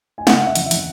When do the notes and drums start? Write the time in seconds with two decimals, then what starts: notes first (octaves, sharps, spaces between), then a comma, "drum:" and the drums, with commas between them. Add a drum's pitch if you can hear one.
0.18 G#5
0.27 C#3 F#5, drum: snare
0.42 C#3
0.47 E5
0.55 E3, drum: hi-hat
0.66 E5
0.71 E3, drum: hi-hat